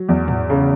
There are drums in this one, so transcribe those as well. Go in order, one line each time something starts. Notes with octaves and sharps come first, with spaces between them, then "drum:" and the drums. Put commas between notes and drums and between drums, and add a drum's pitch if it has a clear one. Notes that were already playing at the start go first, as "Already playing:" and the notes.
Already playing: F#3
E2
drum: tom G#2
C#3